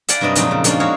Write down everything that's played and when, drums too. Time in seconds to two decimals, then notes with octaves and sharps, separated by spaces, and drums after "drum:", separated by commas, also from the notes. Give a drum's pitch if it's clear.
0.09 D5 F5 F#5 G#5 A5 B5, drum: hi-hat
0.21 G2 C3 F#3 D4 D#5
0.36 F2 A#2 F#3 G#3 D4 D#4, drum: hi-hat
0.51 C#3
0.64 F3 A#3 C#4 D4, drum: hi-hat
0.80 G#3 F#4 G#4 C#5 F5